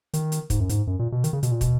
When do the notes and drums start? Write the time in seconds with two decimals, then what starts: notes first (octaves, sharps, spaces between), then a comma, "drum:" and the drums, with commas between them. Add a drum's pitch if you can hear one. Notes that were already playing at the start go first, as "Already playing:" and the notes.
0.14 D#3, drum: hi-hat
0.32 drum: hi-hat
0.50 G#2, drum: kick, hi-hat
0.60 F#2
0.69 G#2, drum: hi-hat
0.87 F#2
0.99 A#2
1.12 B2
1.24 D#3, drum: hi-hat
1.33 C#3
1.43 B2, drum: hi-hat
1.51 A#2
1.61 B2, drum: kick, hi-hat